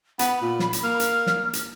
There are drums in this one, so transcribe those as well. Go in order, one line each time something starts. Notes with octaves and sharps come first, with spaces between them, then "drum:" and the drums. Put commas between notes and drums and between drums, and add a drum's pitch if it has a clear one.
B3 B5, drum: hi-hat
A#2
drum: snare
drum: hi-hat
A#3 F6
drum: hi-hat
drum: snare
drum: hi-hat